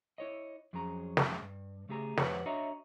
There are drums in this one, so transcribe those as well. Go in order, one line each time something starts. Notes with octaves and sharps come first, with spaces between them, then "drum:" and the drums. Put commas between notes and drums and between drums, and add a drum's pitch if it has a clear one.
E4 C#5 D#5
F2 F#3 C#4 G#4 A#5
drum: snare
G2
C#3 A3 G4 G#4 A#5
F2 G4 B4 C#5 F#5, drum: snare
D4 F#4 C#5 D#5 E5 A#5